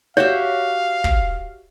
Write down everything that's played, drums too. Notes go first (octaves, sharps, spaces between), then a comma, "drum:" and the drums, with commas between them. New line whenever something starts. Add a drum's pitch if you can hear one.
F#4 G4 C#5 E5 F5
drum: kick